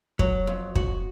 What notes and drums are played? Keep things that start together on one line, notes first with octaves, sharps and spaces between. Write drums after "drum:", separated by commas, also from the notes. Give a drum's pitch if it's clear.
F#3, drum: kick
F2
F#4, drum: kick